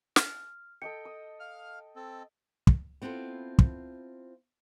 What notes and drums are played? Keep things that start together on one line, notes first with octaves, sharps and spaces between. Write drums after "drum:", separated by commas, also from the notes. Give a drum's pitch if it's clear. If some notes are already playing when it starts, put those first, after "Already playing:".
F6, drum: snare
A4 D#5 G5 C#7
D#6
F5 F6
C4 A4
drum: kick
B3 C4 E4 F4 A4
drum: kick